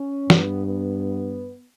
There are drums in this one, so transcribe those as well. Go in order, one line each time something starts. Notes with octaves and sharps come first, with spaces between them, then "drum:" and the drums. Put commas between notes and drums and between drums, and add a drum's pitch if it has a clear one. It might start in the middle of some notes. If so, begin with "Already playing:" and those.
Already playing: C#4
G2 B3, drum: snare
B3